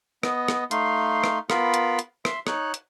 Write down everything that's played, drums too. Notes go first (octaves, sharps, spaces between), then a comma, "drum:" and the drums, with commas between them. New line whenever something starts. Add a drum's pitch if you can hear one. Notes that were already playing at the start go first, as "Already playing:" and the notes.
B3 D#5, drum: rim click
drum: rim click
A3 D#4 F5 C6, drum: hi-hat
drum: rim click
B3 F4 A#4 F5 B5, drum: rim click
drum: hi-hat
drum: hi-hat
E5 C6, drum: rim click
D#4 C#5 F#6, drum: rim click
drum: hi-hat